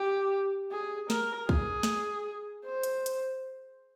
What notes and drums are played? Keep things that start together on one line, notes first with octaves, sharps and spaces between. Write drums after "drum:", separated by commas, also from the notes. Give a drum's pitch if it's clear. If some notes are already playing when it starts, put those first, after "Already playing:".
Already playing: G4
G#4
A#4, drum: snare
G#4, drum: kick
drum: snare
C5
drum: hi-hat
drum: hi-hat